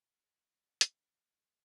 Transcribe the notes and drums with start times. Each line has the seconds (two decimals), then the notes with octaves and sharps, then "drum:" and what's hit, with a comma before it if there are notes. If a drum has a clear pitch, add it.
0.14 G#3 F#4
0.81 drum: hi-hat